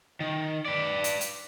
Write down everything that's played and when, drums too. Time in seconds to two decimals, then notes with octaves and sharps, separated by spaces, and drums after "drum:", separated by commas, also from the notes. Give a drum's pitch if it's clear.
0.20 D#3
0.66 B4 D5
1.04 drum: hi-hat
1.21 drum: hi-hat